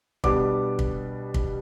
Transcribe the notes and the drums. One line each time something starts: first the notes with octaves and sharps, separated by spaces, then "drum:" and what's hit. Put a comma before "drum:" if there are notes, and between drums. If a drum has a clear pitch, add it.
B2 G3 B3 D4 D6, drum: kick
drum: kick
drum: kick